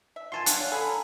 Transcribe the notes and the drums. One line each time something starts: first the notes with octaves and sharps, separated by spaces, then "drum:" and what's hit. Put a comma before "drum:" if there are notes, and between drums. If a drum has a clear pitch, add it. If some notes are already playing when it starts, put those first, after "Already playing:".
E5
A#3 F4 F#4 G#5 A5 C6
G3 D4 F5 F#5, drum: hi-hat
C#5
G#4 A4 B5
A#4